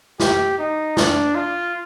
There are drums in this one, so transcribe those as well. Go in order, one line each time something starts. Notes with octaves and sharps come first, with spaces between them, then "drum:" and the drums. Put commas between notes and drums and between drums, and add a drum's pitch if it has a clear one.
G4, drum: snare
D#4
D4, drum: snare
F4